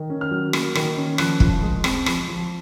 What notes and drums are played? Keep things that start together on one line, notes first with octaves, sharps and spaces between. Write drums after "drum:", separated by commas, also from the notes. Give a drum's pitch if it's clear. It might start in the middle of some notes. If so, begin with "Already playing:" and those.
Already playing: D#3
C#4
F6
F#3
A#3, drum: rim click
D#3, drum: rim click
C#4
F3 F#6, drum: rim click
F3, drum: kick
G#3
C4, drum: rim click
F3, drum: rim click
F3